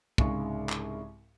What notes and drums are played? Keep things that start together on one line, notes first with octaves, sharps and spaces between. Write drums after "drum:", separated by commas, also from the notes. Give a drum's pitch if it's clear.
C2 G#2 C#3 G#3 C#6, drum: kick
drum: clap